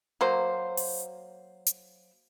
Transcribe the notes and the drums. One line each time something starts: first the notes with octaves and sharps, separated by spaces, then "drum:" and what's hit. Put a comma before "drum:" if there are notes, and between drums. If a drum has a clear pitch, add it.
F#3 A#3 C5
drum: open hi-hat
drum: hi-hat